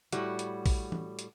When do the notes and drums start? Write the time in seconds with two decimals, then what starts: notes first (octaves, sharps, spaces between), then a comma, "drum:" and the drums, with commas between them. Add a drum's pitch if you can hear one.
0.13 A2 G3 F#4, drum: hi-hat
0.39 drum: hi-hat
0.66 drum: kick, open hi-hat
0.92 drum: tom
1.19 drum: hi-hat